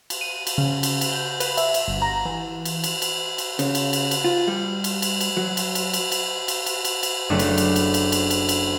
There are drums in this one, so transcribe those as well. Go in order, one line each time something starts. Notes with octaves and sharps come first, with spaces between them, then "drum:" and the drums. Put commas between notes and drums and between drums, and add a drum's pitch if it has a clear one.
drum: cymbal
D#7
drum: cymbal
C#3
drum: cymbal
drum: cymbal
G6
B4, drum: cymbal
E5, drum: cymbal
drum: cymbal
G1
A#5
E3
drum: cymbal
drum: cymbal
drum: cymbal
drum: cymbal
C#3, drum: cymbal
drum: cymbal
drum: cymbal
drum: cymbal
F4
G3
drum: cymbal
drum: cymbal
drum: cymbal
F#3
drum: cymbal
drum: cymbal
drum: cymbal
drum: cymbal
drum: cymbal
drum: cymbal
drum: cymbal
drum: cymbal
F#1 A3 D4 B4 F#6 C7
drum: cymbal
drum: cymbal
drum: cymbal
drum: cymbal
drum: cymbal
drum: cymbal
drum: cymbal